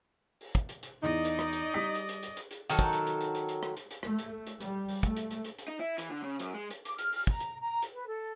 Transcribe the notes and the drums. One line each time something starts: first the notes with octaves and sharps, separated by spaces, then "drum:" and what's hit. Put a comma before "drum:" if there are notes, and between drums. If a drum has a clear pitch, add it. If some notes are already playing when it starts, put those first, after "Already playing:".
drum: open hi-hat
drum: kick, hi-hat
drum: hi-hat
drum: hi-hat
E2 D#4 D5 D#5
drum: hi-hat
drum: rim click
drum: hi-hat
G3 D#6 B6
drum: hi-hat
drum: hi-hat
drum: hi-hat
drum: hi-hat
drum: hi-hat
D#3 F#3 A4
drum: kick, hi-hat
drum: hi-hat
drum: hi-hat
drum: hi-hat
drum: hi-hat
drum: hi-hat
drum: rim click
drum: hi-hat
drum: hi-hat
A3, drum: rim click
drum: hi-hat
drum: hi-hat
G3, drum: hi-hat
drum: open hi-hat
A3, drum: kick, hi-hat
drum: hi-hat
drum: hi-hat
drum: hi-hat
drum: hi-hat
D#4
E4
E3, drum: hi-hat
D3
C#3
F#2, drum: hi-hat
G#3
drum: hi-hat
D6, drum: hi-hat
F6, drum: hi-hat
drum: open hi-hat
A#5, drum: kick
drum: hi-hat
A#5
drum: hi-hat
B4
A4